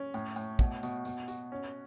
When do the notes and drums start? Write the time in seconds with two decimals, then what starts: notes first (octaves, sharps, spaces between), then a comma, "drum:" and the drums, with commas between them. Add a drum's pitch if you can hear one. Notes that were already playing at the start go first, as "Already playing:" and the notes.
Already playing: C#4
0.14 A2, drum: tambourine
0.36 A2, drum: tambourine
0.59 B2, drum: kick, tambourine
0.83 B2, drum: tambourine
1.05 B2, drum: tambourine
1.28 F#4, drum: tambourine
1.52 C#4